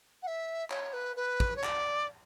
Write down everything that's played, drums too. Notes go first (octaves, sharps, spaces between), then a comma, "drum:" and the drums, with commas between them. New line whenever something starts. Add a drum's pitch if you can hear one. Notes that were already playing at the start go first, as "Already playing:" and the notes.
F#5
E5
C#5, drum: clap
B4
B4
drum: kick
C#5
D5, drum: clap